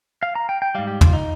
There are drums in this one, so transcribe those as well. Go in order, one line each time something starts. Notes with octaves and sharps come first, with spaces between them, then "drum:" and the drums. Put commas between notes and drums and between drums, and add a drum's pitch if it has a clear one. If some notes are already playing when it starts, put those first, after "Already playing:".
F5
A#5
G5
G5
G#2 G3 F5
G4
F4, drum: tom
D#4